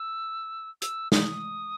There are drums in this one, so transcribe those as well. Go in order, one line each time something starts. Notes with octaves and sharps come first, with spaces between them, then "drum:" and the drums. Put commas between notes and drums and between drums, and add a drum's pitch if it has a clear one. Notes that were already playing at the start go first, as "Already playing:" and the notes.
Already playing: E6
E6, drum: hi-hat
D#6, drum: snare